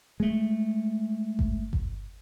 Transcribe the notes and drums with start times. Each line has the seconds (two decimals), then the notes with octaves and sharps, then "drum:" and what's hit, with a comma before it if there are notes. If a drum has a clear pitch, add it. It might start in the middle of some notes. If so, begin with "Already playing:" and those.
0.20 G#3 A3
1.39 drum: kick G1
1.73 drum: kick G1